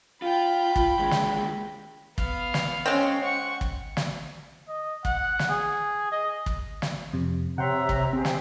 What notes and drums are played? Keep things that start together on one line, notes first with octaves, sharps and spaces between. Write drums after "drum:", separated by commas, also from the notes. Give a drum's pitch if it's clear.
F4 G5 B5
drum: kick
D#2 G#3
drum: snare
B3 F5, drum: kick
drum: snare
G#3 C4 C#4
F#5 C#6
drum: kick
drum: snare
D#5
F#5, drum: kick
drum: snare
G#4
D#5
drum: kick
drum: snare
F2 C3
C3 C#5 E5 F#5 G5 A#5 C6
drum: kick
C4 G4 G#4
drum: snare